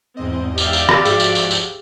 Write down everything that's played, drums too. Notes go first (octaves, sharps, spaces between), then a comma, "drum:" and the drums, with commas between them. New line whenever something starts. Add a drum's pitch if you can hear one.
E2 G#2 C4 D#5
G4 D5 E5 F5, drum: tambourine
drum: tambourine
drum: rim click
G#2 F3 F#4 G#4, drum: tambourine
drum: tambourine
drum: tambourine
drum: tambourine